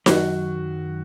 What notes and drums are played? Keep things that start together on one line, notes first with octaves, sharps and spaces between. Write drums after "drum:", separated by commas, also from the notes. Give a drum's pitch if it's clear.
F#2 D#3 F#3 F#4, drum: snare D#4